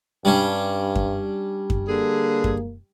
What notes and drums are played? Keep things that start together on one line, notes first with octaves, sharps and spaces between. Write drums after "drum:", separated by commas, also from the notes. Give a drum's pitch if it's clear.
G2 G3 C#4 D4
drum: kick F#2
drum: kick F#2
D3 A#3 G#4
drum: kick F#2